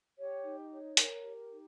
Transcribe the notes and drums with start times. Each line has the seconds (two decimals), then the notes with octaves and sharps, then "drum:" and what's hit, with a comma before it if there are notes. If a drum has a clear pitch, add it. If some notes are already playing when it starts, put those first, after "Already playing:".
0.18 G4 C#5
0.44 D#4
0.70 C#5
0.97 A#4, drum: hi-hat
1.23 G4
1.50 D#4